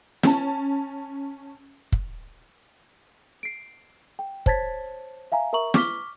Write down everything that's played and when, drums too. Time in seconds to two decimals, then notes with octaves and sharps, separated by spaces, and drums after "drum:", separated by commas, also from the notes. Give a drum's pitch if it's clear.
0.23 C#4 A5, drum: snare
1.92 drum: kick
3.43 C7 D7
4.19 G5
4.46 C5 C#5 A5 G#6 A6 B6, drum: kick
5.32 E5 F5 G#5 A#5
5.53 A#4 E5 A#5 C#6 F#7
5.74 C#6 D6 F6 B6 G7, drum: snare